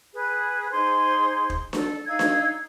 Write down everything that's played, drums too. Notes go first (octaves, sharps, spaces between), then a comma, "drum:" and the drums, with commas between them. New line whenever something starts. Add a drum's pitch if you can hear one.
G#4 B4
D#4 G#4 C5 C6
drum: kick
A4, drum: snare D4
D#4 F5 E6 G#6
drum: snare D4